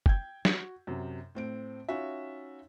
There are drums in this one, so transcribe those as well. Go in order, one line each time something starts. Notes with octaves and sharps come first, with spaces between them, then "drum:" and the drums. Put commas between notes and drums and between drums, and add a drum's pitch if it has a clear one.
G5 G6 G#6, drum: kick
F#4, drum: snare
F#2 C3
A2 C4 D7
C#4 D#4 F4 F#4 E5